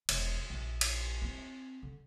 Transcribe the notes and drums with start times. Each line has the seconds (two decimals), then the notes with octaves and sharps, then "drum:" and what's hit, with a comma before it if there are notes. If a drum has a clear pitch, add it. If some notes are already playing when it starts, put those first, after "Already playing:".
0.09 E1, drum: cymbal
0.50 A#1
0.81 drum: cymbal
1.22 C4
1.82 D3